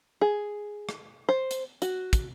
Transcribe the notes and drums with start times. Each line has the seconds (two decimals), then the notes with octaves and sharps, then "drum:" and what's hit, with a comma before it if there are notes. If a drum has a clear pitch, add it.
0.21 G#4
0.89 drum: rim click
1.29 C5
1.51 drum: hi-hat
1.82 F#4, drum: hi-hat
2.13 drum: kick, hi-hat